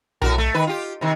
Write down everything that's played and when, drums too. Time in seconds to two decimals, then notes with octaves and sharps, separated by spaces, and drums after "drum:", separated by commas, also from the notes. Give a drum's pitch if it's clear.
0.21 A2 F#4 A#4, drum: tom B1
0.38 A3
0.54 D#3 B4
0.67 F4 G4
1.01 C3 D#3